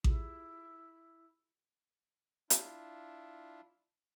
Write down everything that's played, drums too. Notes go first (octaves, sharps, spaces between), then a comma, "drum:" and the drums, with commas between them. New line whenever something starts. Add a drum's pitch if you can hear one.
E4 F4 G4 G#4, drum: kick A1
D4 E4 F4, drum: hi-hat